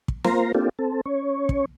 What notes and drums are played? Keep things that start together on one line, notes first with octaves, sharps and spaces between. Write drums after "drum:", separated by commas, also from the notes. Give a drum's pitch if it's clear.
drum: kick
A#3 F4 C5 A#5, drum: snare
A#3 C4 D4 F4 G4 A4
C4 A4
C#4 C#5
drum: kick